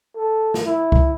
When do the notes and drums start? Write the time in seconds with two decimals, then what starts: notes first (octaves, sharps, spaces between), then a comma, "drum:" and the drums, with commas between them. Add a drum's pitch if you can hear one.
0.16 A4
0.54 drum: snare
0.66 E4
0.92 drum: kick C2